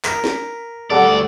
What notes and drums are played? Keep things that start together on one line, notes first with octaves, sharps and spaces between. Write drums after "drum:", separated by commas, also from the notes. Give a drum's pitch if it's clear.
A#4 B6, drum: clap
drum: snare
D2 G3 A4 D5 F#5